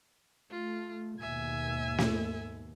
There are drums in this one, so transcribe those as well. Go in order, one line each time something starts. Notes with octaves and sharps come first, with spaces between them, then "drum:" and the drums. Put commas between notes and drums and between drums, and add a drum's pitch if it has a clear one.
A3 F4
D#2 G#2 B2 E5 G#5
drum: snare